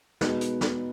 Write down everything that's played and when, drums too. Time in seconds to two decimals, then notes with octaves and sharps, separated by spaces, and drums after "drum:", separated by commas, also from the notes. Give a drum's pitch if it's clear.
0.21 B2 G#3 B3 D#4, drum: snare
0.41 drum: hi-hat
0.61 drum: snare